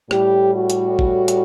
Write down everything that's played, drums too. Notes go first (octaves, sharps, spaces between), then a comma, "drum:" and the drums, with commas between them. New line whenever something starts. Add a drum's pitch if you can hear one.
A2 G3 G4, drum: rim click
F#4
drum: hi-hat
drum: kick G#1
drum: hi-hat